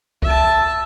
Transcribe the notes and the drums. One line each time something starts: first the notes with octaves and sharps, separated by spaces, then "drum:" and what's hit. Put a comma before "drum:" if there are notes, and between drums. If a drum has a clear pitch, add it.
E5 A5, drum: kick C2